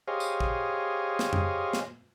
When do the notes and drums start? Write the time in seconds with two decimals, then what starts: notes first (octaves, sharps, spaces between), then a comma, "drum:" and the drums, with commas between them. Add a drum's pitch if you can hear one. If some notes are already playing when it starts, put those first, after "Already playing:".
0.08 G4 G#4 C5 C#5 D#5 F5
0.20 drum: tambourine
0.40 drum: kick
1.19 drum: snare
1.33 drum: tom F2
1.73 drum: snare